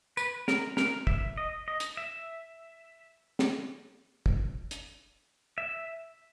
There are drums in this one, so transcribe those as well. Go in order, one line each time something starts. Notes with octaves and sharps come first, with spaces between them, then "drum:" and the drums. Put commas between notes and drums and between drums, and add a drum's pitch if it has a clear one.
B4, drum: tambourine
A#4, drum: snare
A#4, drum: snare
E5, drum: kick
D#5
D#5
drum: hi-hat
E5
drum: snare
drum: kick
drum: hi-hat
E5